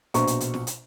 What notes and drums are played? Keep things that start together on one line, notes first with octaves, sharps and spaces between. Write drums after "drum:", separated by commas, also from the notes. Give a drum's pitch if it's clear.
A#1 B2 C5 A#5 C#6, drum: hi-hat
drum: hi-hat
drum: hi-hat
drum: snare
drum: hi-hat